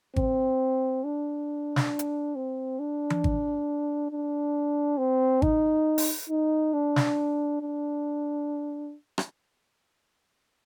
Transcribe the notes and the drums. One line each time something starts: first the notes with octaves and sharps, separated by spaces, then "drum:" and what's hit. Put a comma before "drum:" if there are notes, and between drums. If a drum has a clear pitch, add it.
C4, drum: kick G#1
D4
drum: snare
drum: hi-hat
C4
D4
drum: tom E3
drum: kick G#1
D4
C4
D#4, drum: kick G#1
drum: open hi-hat
D#4
D4
drum: snare
D4
drum: rim click